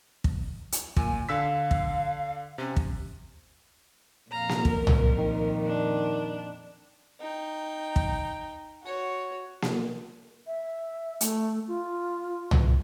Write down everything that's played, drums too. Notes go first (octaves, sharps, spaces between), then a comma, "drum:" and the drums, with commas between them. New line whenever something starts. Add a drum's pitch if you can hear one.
drum: kick
drum: hi-hat
A#2 G#5, drum: kick
D3 F5 E6 B6
drum: kick
C3 C#4
drum: kick
F2 A#2 F5 A#5
drum: snare A#3
A#4, drum: kick
drum: tom C2
D#3
D4
D#4 G5
drum: kick
F#4 C#5
drum: snare A#3
E5
A3, drum: hi-hat
F4
drum: tom C2